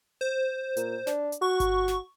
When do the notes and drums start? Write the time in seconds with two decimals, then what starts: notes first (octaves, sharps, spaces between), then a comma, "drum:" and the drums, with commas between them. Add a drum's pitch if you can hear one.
0.21 C5
0.77 A#2, drum: hi-hat
1.07 D4, drum: snare
1.32 drum: hi-hat
1.42 F#4 C#6
1.60 drum: kick G1, hi-hat
1.88 drum: snare